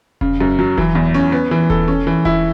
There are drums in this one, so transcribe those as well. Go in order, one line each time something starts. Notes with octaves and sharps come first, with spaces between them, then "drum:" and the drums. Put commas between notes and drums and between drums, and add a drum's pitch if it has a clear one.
C#3, drum: kick E1
F#2
F#3
E3, drum: kick E1
E2
C#4
B3
E3
A4, drum: kick E1
C#4
E3
E4, drum: kick E1